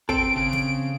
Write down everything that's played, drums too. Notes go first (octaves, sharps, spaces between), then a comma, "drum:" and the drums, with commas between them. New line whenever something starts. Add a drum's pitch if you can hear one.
C4 A4 D7, drum: kick
C#3
drum: snare